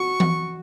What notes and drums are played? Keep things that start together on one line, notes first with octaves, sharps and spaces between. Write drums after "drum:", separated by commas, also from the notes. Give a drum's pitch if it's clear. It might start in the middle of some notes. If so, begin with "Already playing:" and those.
Already playing: F#4 C#6
drum: tom E3